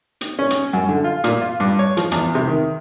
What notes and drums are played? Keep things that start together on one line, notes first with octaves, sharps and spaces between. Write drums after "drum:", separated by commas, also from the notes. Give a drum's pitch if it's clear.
drum: hi-hat
C#4
drum: hi-hat
F#2
D3
F4
A#2, drum: hi-hat
F4
G2
C#5
F3, drum: hi-hat
E2, drum: hi-hat
C3
D#3